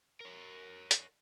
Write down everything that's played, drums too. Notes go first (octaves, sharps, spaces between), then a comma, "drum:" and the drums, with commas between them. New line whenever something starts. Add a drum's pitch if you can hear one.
A#4 C#5
drum: hi-hat